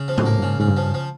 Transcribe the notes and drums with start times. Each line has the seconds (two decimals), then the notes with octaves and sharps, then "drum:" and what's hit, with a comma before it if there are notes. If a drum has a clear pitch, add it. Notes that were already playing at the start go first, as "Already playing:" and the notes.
Already playing: C#3
0.08 F3
0.18 A2, drum: tom
0.26 A#3
0.39 G2
0.42 G#2 C#3
0.59 G#2 C#3
0.68 G2
0.77 F3
0.94 F3